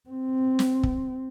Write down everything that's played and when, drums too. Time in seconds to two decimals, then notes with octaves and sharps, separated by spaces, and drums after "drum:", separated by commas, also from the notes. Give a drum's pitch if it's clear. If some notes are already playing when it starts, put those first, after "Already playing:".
0.10 C4
0.59 drum: snare
0.83 drum: kick